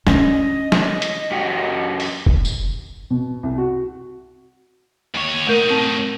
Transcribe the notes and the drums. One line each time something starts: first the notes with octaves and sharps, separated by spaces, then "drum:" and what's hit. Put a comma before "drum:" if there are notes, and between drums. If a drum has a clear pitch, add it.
C#4 D4 D#5, drum: snare
drum: snare
drum: hi-hat
F#2 F#4 G4
drum: open hi-hat
drum: kick F1
drum: tambourine
B2
C2
F#4
D#2 C#5
A2 A3 D#4 A#4
C4